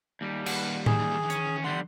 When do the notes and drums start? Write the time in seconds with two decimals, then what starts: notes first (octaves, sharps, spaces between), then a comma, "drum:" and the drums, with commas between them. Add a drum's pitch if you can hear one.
0.21 D#2 G3
0.46 G#4 B4 F#5, drum: cymbal
0.86 D#3 E3 G#4, drum: tom A2
1.30 C#4, drum: hi-hat
1.64 D3 G3 F#5 C6